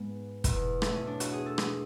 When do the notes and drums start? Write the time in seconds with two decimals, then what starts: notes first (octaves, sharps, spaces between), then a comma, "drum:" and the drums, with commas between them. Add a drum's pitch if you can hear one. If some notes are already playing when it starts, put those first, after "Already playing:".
Already playing: G#2 G#3 B3
0.44 E2 B2, drum: kick, hi-hat
0.82 A3, drum: rim click
0.95 C#4
1.07 D4
1.20 F#4, drum: hi-hat
1.33 G#4
1.46 A4
1.58 G#4, drum: rim click